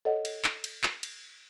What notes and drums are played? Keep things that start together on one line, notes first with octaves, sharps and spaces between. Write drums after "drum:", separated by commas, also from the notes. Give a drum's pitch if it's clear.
A4 C#5 D#5 F#5
drum: cymbal
drum: clap
drum: cymbal
drum: clap
drum: cymbal